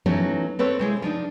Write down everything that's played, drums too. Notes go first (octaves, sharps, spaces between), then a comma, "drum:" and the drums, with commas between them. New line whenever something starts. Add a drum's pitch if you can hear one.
E3 F#3 A3 B3 C#4 D#4, drum: tom E3
C4 A4 B4 C#5
C3 G#3 E4
F3 D4 D#4